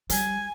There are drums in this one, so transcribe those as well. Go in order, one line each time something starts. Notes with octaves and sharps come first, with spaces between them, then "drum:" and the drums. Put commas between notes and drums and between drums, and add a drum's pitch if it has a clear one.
G3 G#5, drum: hi-hat